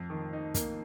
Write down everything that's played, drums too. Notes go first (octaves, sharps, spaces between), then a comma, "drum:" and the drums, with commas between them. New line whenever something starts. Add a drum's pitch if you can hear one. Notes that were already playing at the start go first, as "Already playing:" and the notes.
Already playing: F2
D#3
D#4
A#3, drum: kick, hi-hat